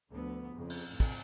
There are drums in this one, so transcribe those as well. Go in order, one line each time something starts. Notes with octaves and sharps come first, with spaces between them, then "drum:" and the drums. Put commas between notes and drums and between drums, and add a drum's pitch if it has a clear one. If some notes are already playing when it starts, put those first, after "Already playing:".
D2 D3 F3 B3
F2 C#3
drum: cymbal
A1 F2
drum: kick, cymbal